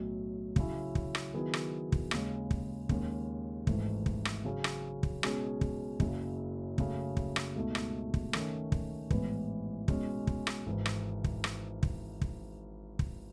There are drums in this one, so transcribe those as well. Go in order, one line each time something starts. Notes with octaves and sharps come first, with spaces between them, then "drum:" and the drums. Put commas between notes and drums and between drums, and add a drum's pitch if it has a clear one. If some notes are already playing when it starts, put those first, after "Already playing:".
Already playing: B1 A2 F#3
C#3 F#3 C#4 E4, drum: kick
drum: kick
drum: rim click
D#3 F#3 B3 E4 G#4
drum: rim click
drum: kick
D#2 C#3 G#3, drum: rim click
drum: kick
D#2 D#3 G#3 C#4 G#4, drum: kick
G#1 G#2 E3 A3 E4, drum: kick
drum: kick
drum: rim click
C#3 F#3 C#4 G#4
drum: rim click
drum: kick
B2 G#3 C#4 G#4, drum: rim click
drum: kick
F#1 F#2 C#3 F#3, drum: kick
F#2 C#3 F#3 A3, drum: kick
drum: kick
drum: rim click
C#2 B2 A3 D#4
drum: rim click
drum: kick
D#3 A3 C#4, drum: rim click
drum: kick
A1 G#2 E3 B3, drum: kick
B2 G#3 C#4, drum: kick
drum: kick
drum: rim click
G#1 G#2 E3
drum: rim click
drum: kick
drum: rim click
drum: kick
drum: kick
drum: kick